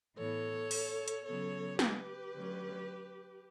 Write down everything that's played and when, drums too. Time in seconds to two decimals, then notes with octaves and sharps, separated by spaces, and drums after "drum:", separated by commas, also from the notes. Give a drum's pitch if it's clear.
0.17 A2 E3 B3 A4 C#5
0.71 drum: open hi-hat
1.08 drum: hi-hat
1.25 C#3 F#3 B3 A4 C#5
1.79 G4 B4, drum: snare
2.33 D3 F#3 A3 C#4